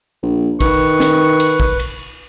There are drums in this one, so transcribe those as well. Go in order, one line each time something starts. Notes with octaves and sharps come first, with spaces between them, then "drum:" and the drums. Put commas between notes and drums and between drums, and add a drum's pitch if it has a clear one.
A#1
D#3 B4 C#6, drum: kick, cymbal
drum: snare
drum: cymbal
drum: kick
drum: cymbal